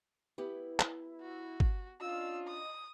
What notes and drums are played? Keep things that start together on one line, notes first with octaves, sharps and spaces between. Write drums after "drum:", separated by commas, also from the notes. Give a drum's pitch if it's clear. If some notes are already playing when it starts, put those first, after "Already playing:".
B3 E4 G4 B4
drum: clap
F#4
drum: kick
C#4 D4 F4 D#5 E6
D#6